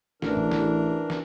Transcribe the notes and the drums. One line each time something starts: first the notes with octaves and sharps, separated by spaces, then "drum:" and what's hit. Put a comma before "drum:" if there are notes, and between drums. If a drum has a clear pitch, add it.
A1 E3 D4 A#4, drum: snare
drum: tom A2
drum: snare
drum: snare